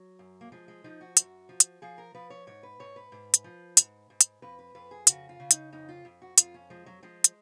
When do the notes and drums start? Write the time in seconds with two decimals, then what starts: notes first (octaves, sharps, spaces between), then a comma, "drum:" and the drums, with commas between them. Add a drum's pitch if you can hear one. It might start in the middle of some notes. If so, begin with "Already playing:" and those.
Already playing: F#3
0.19 F#2
0.41 A#3
0.52 F3 G#3
0.68 G#3
0.84 F3 D#4
1.01 F#4
1.17 F#2, drum: hi-hat
1.49 F3
1.60 drum: hi-hat
1.82 F3 G#4
1.98 A#4
2.14 F3 B4
2.30 C#5
2.47 G#2 C#5
2.63 B4
2.80 G#2 C#5
2.96 B4
3.12 G#2
3.34 drum: hi-hat
3.44 F3
3.77 G#2, drum: hi-hat
4.10 G#2
4.21 drum: hi-hat
4.42 F2 B4
4.59 B4
4.75 F2 B4
4.91 G#4
5.07 C#3 F#4, drum: hi-hat
5.29 F4
5.40 C#3
5.51 D#4, drum: hi-hat
5.72 F2 D#4
5.89 F4
6.05 F2
6.22 F#4
6.38 F2 F4, drum: hi-hat
6.54 C#4
6.70 F3 G#3
6.86 F#3
7.03 F3 G#3
7.24 drum: hi-hat